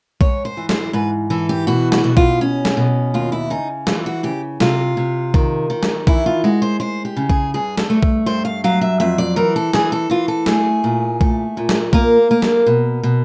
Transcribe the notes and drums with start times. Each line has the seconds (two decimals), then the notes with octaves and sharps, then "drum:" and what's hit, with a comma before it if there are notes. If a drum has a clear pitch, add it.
0.21 G#2 C#5, drum: kick B1
0.45 C5
0.57 E3
0.69 C5, drum: snare
0.93 G#2 B4
1.30 E3 A4
1.49 G4
1.67 B2 F#4
1.92 F#4, drum: snare
2.04 B2
2.17 F4, drum: kick B1
2.41 C#4
2.65 drum: snare
2.77 B2
3.14 D#2 F4
3.32 E4
3.50 C#3 D#4
3.87 E3 F4, drum: snare
4.06 F#4
4.23 C#3 G4
4.60 C3 F4, drum: snare
4.97 C3
5.34 D#3, drum: kick B1
5.70 D#3
5.83 drum: snare
6.07 E3 E4, drum: kick B1
6.26 F4
6.44 G#3 F#4
6.62 C5
6.80 G#3 C5
7.05 G4
7.17 C#3
7.30 G#4, drum: kick B1
7.54 G2 G#4
7.78 A4, drum: snare
7.90 A3
8.03 drum: kick B1
8.26 G2 C5
8.45 F5
8.64 F#3 F5
8.81 E5
9.00 F2 E5
9.18 D5
9.36 E3 A#4
9.56 A4
9.73 E3 G#4, drum: snare
9.92 A4
10.10 E3 F4
10.28 A4
10.46 A3 G#4, drum: snare
10.84 A#2
11.21 A3, drum: kick B1
11.57 A#2
11.69 drum: snare
11.93 A#3 A#4, drum: kick B1
12.31 A#3
12.42 drum: snare
12.67 B2
13.03 B2